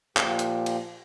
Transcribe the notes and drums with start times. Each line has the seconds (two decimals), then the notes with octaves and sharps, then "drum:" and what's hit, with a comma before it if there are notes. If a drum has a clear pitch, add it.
0.17 A#2 F3 G4, drum: clap
0.39 drum: hi-hat
0.66 drum: cymbal